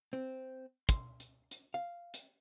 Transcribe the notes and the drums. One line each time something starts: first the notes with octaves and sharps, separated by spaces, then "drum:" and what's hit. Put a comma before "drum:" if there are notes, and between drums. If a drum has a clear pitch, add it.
C4
C6, drum: kick, hi-hat
drum: hi-hat
drum: hi-hat
F5
drum: hi-hat